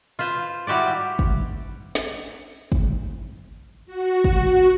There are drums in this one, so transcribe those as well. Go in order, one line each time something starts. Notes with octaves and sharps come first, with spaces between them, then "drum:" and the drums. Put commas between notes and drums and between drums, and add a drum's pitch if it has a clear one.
F4 B4 C5
G3 E4 F#4 G4 D5
drum: kick
drum: snare
drum: kick
F#4
drum: kick